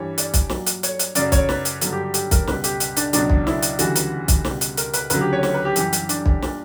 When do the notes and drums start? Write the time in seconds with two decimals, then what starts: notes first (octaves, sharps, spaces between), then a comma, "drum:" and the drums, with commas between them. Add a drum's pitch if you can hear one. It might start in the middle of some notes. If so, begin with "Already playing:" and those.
Already playing: G2 E3 G3 C#5
0.18 D5, drum: hi-hat
0.34 drum: kick, hi-hat
0.49 A#2 F#3, drum: snare
0.67 drum: hi-hat
0.83 C#5, drum: hi-hat
0.99 drum: hi-hat
1.15 F#2 C#3 F#3 D5, drum: hi-hat
1.32 C#5, drum: kick, hi-hat
1.49 B4, drum: snare
1.65 drum: hi-hat
1.81 G2 D3 F#3, drum: hi-hat
1.92 G4
2.03 G4
2.14 G4, drum: hi-hat
2.31 A#4, drum: kick, hi-hat
2.47 C#2 B2 G3 B4, drum: snare
2.64 G4, drum: hi-hat
2.80 drum: hi-hat
2.97 D4, drum: hi-hat
3.13 C#2 B2 F#3 D4, drum: hi-hat
3.30 drum: kick
3.47 E4, drum: snare
3.63 drum: hi-hat
3.79 D2 C#3 E3 G3 F#4, drum: hi-hat
3.96 B4, drum: hi-hat
4.28 drum: kick, hi-hat
4.45 C#2 B2 G3, drum: snare
4.61 drum: hi-hat
4.77 A#4, drum: hi-hat
4.94 B4, drum: hi-hat
5.10 D2 C#3 F#3 B4, drum: hi-hat
5.21 G4
5.33 C#5
5.43 C#5, drum: snare
5.54 B4
5.65 G4
5.76 F#2 E3 G3 G4, drum: hi-hat
5.93 drum: hi-hat
6.09 D4, drum: hi-hat
6.26 drum: kick
6.42 A#2 G3 D4, drum: snare